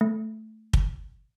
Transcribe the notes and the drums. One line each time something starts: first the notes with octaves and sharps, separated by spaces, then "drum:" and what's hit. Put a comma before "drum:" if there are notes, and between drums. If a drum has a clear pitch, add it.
A3
drum: kick